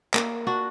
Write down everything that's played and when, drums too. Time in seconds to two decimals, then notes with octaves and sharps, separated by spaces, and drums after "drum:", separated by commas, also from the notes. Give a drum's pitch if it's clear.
0.14 A#3, drum: clap
0.47 D4 F#4